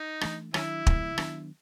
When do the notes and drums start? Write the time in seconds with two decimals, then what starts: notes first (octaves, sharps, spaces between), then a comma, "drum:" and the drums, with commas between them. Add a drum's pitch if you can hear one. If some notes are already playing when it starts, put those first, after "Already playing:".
Already playing: D#4
0.21 E3 A3 D4, drum: rim click
0.54 D#3 F#3 B3 C#4 D4 E4, drum: rim click
0.87 C#3 F3 G#3 B3, drum: kick
1.18 D#3 F#3 B3 D4, drum: rim click